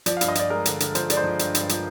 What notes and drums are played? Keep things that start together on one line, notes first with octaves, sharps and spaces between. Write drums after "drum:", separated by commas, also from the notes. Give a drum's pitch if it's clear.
F3 D5, drum: hi-hat
F5
G2, drum: hi-hat
D#5
F3 D5, drum: hi-hat
G#3 A#4
D3, drum: hi-hat
D3, drum: hi-hat
F3 C5, drum: hi-hat
G#3 D5, drum: hi-hat
C5
F3
G2, drum: hi-hat
G2, drum: hi-hat
F3, drum: hi-hat